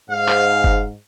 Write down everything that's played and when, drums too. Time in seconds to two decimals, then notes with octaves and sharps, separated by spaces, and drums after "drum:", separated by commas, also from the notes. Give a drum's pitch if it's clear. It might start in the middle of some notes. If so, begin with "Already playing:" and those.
0.11 G#2 F5
0.28 drum: clap
0.64 drum: kick F#1